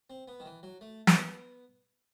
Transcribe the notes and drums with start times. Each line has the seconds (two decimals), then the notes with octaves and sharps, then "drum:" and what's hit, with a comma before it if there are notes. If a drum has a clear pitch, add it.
0.10 C4
0.28 B3
0.40 D#3
0.46 E3
0.63 F#3
0.81 A3
1.07 B3, drum: snare